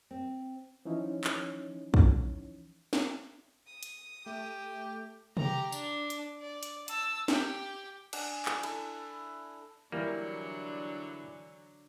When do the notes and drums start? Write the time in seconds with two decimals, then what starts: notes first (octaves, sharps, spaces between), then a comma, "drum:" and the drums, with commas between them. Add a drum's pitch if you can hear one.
0.11 C4
0.85 E3 F3 C#4 D#4 E4 C#5
1.24 drum: clap
1.94 drum: kick
2.93 drum: snare
3.67 D#6
3.83 drum: hi-hat
4.26 A3 G4
5.37 G4 A#5, drum: tom C3
5.72 D4, drum: tambourine
6.10 drum: hi-hat
6.41 D5
6.63 drum: hi-hat
6.88 A5 E6, drum: hi-hat
7.28 G4 G5, drum: snare
8.13 D4 F#5 G#5, drum: cymbal
8.45 drum: clap
8.63 E4 A4, drum: cymbal
9.92 D3 E3 F#3 G3 A#3 D4